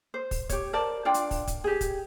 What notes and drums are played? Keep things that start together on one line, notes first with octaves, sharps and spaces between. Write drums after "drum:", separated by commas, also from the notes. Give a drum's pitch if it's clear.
C5
drum: kick, open hi-hat
G4 C#5, drum: kick, hi-hat
A#4 C5 D5 A5
D4 F4 D5 G5
drum: hi-hat
drum: kick, open hi-hat
drum: kick, hi-hat
G4 G#4
drum: kick, hi-hat